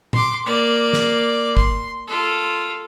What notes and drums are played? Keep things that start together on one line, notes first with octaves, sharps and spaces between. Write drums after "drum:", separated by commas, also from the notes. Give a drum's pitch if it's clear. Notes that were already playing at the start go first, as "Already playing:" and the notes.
C6 D6, drum: tom
A#3 D5
drum: snare
C6, drum: kick
F4 A4